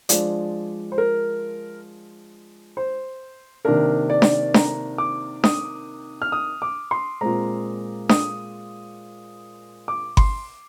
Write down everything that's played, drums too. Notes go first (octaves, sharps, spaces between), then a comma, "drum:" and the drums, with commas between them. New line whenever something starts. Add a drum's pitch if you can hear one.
F3 G#3 D4 D5, drum: hi-hat
C5
A#4
C5
C3 D#3 A#3 D4 A#4
D5
drum: snare D4
A#5, drum: snare D4
D6
D#6, drum: snare D4
F6
D#6
D6
C6
A#2 G#3 C4 A#5
D#6, drum: snare D4
D6
C6, drum: kick G1